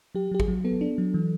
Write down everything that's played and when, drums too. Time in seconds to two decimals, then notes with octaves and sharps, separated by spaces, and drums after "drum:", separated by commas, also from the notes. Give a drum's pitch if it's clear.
0.15 F#3 G4
0.31 F#3 G4
0.40 G#4, drum: kick
0.48 F#3
0.65 B3 A4
0.81 D4
0.98 F#3
1.14 E3